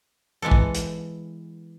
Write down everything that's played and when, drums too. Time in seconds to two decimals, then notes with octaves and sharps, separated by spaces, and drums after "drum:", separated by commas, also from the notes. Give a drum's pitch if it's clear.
0.42 E3 G#3 B3 A4
0.51 drum: kick
0.75 drum: hi-hat